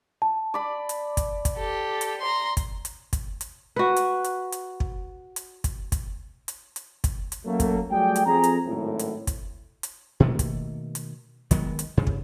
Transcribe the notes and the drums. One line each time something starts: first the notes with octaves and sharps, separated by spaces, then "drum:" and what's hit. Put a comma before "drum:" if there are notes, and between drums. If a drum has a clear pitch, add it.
A5
D5 B5
drum: hi-hat
drum: kick, hi-hat
drum: kick, hi-hat
G4 A4
drum: hi-hat
A#5 C6
drum: kick, hi-hat
drum: hi-hat
drum: kick, hi-hat
drum: hi-hat
F#4 B4
drum: hi-hat
drum: hi-hat
drum: hi-hat
drum: kick
drum: hi-hat
drum: kick, hi-hat
drum: kick, hi-hat
drum: hi-hat
drum: hi-hat
drum: kick, hi-hat
drum: hi-hat
F#2 F#3 A3 A#3
drum: kick, hi-hat
F#3 G3 A3 G#4 D5 G5
drum: hi-hat
F2 G#4 A#5
drum: hi-hat
G#1 F#2 A2
drum: hi-hat
drum: kick, hi-hat
drum: hi-hat
B2 D#3 A3 A#3
drum: kick, hi-hat
drum: hi-hat
D#3 F#3 G#3 B3, drum: kick, hi-hat
drum: hi-hat
G2 C#3
drum: kick